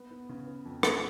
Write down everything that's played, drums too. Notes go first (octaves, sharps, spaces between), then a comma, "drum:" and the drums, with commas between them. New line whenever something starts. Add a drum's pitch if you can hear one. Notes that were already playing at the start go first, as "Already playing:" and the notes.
Already playing: B3
B3
C#3
B3
F2
F#3, drum: rim click